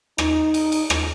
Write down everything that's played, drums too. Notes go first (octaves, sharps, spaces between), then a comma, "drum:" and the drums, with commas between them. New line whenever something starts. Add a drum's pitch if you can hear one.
D#4, drum: rim click
drum: cymbal
drum: cymbal
drum: rim click